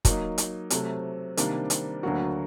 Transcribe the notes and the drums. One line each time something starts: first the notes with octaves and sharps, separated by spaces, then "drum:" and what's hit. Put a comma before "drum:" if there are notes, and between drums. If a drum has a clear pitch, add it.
F#3 A#3 D#4, drum: kick, hi-hat
drum: hi-hat
C3 F#3 A3, drum: hi-hat
C3 D#3 G3 A#3 D4, drum: hi-hat
drum: hi-hat
D2 D3 F#3 A#3 F#4